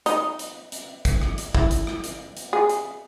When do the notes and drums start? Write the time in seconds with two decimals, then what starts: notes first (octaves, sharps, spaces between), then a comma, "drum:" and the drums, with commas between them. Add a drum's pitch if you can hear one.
0.06 D#4, drum: hi-hat
0.39 drum: hi-hat
0.72 drum: hi-hat
1.05 drum: kick, hi-hat
1.22 drum: rim click
1.38 drum: hi-hat
1.55 E4, drum: kick
1.71 drum: hi-hat
1.87 drum: rim click
2.04 drum: hi-hat
2.37 drum: hi-hat
2.53 G#4
2.69 drum: hi-hat